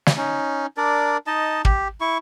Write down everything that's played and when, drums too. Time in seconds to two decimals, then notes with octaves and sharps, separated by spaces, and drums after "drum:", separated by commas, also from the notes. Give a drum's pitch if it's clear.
0.06 drum: snare
0.17 C#4 D#4
0.77 D4 A#4 D5
1.27 D#4 D#5 A5
1.65 G4, drum: kick
2.01 E4 C#6